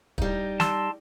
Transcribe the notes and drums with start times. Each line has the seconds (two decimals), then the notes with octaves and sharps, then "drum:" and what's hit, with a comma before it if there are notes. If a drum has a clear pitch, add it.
0.18 G3 D#4, drum: kick
0.60 A5 C6 E6, drum: snare